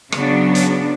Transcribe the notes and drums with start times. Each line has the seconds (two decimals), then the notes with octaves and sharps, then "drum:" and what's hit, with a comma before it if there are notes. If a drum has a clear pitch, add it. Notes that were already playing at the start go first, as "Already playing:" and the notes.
0.12 C#3 F#3 B3 D4, drum: rim click
0.55 drum: hi-hat